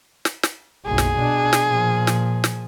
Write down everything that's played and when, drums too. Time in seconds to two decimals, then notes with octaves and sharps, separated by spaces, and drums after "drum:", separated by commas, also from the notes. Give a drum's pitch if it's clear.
0.25 drum: snare
0.43 drum: snare
0.85 F#1 B1 G#4
0.98 drum: snare
1.16 B2 D4
1.53 drum: snare
1.64 A#2 F3
2.07 drum: snare
2.44 drum: snare